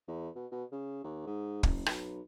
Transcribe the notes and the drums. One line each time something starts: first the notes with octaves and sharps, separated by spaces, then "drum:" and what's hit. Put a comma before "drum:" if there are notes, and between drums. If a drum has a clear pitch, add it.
E2
B2
B2
C#3
D#2
G#2
F#1, drum: kick
B1, drum: rim click